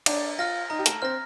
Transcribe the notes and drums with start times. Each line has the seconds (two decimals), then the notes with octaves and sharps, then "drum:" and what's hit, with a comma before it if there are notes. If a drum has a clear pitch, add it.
0.06 D4 D5 A#5, drum: cymbal
0.38 F4 F5 F6 A#6
0.70 D#4 D#5 A#5
0.79 G4
0.86 A3 A4, drum: hi-hat
1.02 C4 C5 F6 A#6